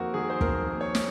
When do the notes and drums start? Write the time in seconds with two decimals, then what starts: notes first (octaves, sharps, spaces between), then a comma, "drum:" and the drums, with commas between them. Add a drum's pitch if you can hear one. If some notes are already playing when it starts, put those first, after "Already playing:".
Already playing: F2 D#3 A#3 D#4 F#4 A#4 C5
0.14 D#3 G#4
0.30 C5
0.41 F2 A#4, drum: kick
0.68 A#3
0.81 C#5
0.95 D#4, drum: snare